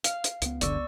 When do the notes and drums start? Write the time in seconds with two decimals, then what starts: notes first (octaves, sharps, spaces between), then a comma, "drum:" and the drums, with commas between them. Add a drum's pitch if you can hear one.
0.04 F5, drum: hi-hat
0.24 drum: hi-hat
0.42 C#2 B3, drum: hi-hat
0.61 F#1 A2 D3 D5 C#6 E6, drum: hi-hat